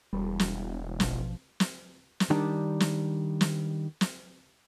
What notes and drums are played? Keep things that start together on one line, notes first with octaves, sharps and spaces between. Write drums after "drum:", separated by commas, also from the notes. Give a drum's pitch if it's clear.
E1 G3
drum: snare
A1 B2 F3, drum: snare
drum: snare
drum: snare
D#3 G3 D4
drum: snare
drum: snare
drum: snare